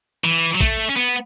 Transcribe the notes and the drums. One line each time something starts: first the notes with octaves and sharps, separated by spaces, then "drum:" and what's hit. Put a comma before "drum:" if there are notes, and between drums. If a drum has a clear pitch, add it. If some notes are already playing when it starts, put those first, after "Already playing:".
E3, drum: hi-hat
F#3
A3, drum: kick, hi-hat
C#4
B3, drum: hi-hat